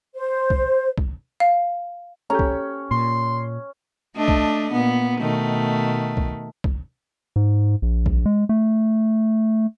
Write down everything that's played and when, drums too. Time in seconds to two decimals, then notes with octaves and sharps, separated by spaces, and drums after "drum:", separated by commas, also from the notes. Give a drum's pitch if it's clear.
0.15 C5
0.50 drum: kick
0.98 drum: kick
1.40 F5
2.30 C#4 G4 A4 A#5
2.39 drum: kick
2.91 A#2 C6
4.16 A3 D4 D#5
4.28 drum: kick
4.72 A#2 B3
5.20 B2 D#3 A3
6.17 drum: kick
6.64 drum: kick
7.36 G#2
7.82 A#1
8.06 drum: kick
8.26 G#3
8.49 A3